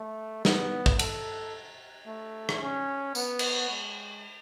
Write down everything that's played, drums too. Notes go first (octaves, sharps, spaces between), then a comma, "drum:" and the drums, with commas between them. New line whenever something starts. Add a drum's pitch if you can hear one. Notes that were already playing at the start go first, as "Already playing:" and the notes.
Already playing: A3
B3, drum: snare
drum: kick
A4, drum: cymbal
A3
drum: rim click
C#4
B3, drum: tambourine
drum: cymbal
G#3